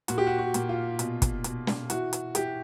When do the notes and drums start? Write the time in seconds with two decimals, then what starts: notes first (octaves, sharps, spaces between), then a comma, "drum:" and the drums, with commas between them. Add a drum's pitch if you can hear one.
0.08 A#2 F#4, drum: hi-hat
0.18 G4
0.27 F#4
0.38 F#4
0.54 A#2, drum: hi-hat
0.69 F4
0.99 B2, drum: hi-hat
1.22 drum: kick, hi-hat
1.44 B2, drum: hi-hat
1.67 drum: snare
1.90 E3 F#4, drum: hi-hat
2.13 drum: hi-hat
2.35 E3 G4, drum: hi-hat